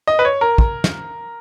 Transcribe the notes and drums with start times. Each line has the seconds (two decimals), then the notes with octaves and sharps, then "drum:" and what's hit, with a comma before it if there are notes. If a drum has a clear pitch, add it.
0.07 D#5
0.19 B4
0.25 C#5
0.41 A#4
0.58 drum: kick
0.84 drum: snare